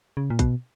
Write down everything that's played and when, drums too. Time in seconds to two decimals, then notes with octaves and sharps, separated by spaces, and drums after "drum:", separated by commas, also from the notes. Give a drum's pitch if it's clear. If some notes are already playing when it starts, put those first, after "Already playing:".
0.17 C#3
0.30 A#2
0.39 B2, drum: kick, hi-hat